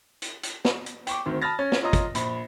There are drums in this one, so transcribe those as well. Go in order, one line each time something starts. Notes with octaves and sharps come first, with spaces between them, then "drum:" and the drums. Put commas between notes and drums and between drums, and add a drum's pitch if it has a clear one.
drum: hi-hat
drum: hi-hat
drum: snare
drum: hi-hat
G5 C#6 D6, drum: hi-hat
D2 D#3 C4
A5 B5 D#6 F6 A6 A#6
C#4 C#5 A6
drum: snare
F4 C#5 D#5 A#5 D#6
drum: kick, hi-hat
A#1 B5, drum: hi-hat